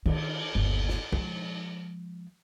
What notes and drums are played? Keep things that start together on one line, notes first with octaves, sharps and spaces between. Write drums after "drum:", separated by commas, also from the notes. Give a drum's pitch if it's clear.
D#3, drum: cymbal
G1 D#2
drum: snare
F3 G#3, drum: tom B2